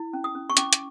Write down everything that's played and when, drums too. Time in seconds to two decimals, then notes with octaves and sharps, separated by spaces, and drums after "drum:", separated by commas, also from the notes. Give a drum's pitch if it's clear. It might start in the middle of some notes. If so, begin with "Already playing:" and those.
Already playing: E4
0.13 C#4
0.24 D#6
0.35 C#4
0.50 C#6
0.57 C#4 D6, drum: hi-hat
0.73 drum: hi-hat